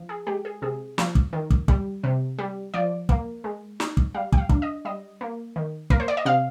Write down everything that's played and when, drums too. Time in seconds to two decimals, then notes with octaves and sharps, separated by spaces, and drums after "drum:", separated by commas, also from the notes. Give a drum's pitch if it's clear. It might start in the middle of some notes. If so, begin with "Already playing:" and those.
Already playing: F3
0.09 G#4
0.27 G#3 G4
0.45 G#4
0.62 C3 G#4
0.98 F3, drum: snare
1.15 drum: kick
1.33 D#3
1.51 drum: kick
1.68 G3, drum: kick
2.04 C3
2.38 G3
2.74 F3 D5
3.09 A#3, drum: kick
3.44 G#3
3.80 D#4, drum: snare
3.97 drum: kick
4.14 G3 F5
4.33 G5, drum: kick
4.38 F5
4.49 D4, drum: kick
4.62 D#5
4.85 G3 D#5
5.21 A#3
5.56 D#3
5.90 A#3 A#4, drum: kick
6.00 C5
6.08 D5
6.17 D#5
6.25 C3 F5